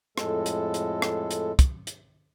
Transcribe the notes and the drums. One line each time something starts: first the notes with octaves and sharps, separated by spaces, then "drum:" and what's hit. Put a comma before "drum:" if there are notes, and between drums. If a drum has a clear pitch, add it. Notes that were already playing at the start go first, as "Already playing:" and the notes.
F2 A2 G#3 A4, drum: rim click
drum: hi-hat
drum: hi-hat
drum: rim click
drum: hi-hat
drum: kick, hi-hat
drum: hi-hat